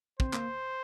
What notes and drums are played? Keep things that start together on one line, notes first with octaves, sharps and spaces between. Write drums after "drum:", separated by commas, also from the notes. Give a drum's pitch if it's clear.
C4 C5, drum: kick
A#3, drum: clap